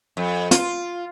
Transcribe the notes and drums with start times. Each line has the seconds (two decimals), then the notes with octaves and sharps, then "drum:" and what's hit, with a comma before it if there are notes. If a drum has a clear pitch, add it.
0.17 F2
0.51 F4, drum: hi-hat